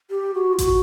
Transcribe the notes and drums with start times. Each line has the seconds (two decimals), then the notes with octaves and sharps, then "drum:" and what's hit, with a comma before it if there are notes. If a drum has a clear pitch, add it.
0.10 G4
0.34 F#4
0.53 F4
0.58 F#4, drum: kick A1, hi-hat